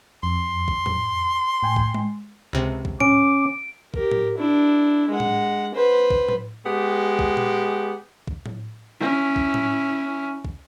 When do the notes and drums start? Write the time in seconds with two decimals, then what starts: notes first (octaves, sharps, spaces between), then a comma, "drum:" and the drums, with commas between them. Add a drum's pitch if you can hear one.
0.23 F2 C6
0.68 drum: kick
0.86 drum: tom A2
1.63 A2 G5 G#5
1.76 drum: kick
1.94 drum: tom G#3
2.53 C#2 C3
2.85 drum: kick
3.00 C#4 D6 D7, drum: tom A2
3.94 G4 A#4, drum: kick
4.11 drum: tom A2
4.38 D4 E4
5.10 G#3 F#5
5.20 drum: tom A2
5.74 B4 C5
6.10 drum: kick
6.29 drum: tom A2
6.65 G#3 B3 G4
7.19 drum: kick
7.37 drum: tom A#2
8.27 drum: kick
8.46 drum: tom A2
9.00 C#4 E4
9.36 drum: kick
9.54 drum: tom A2
10.45 drum: kick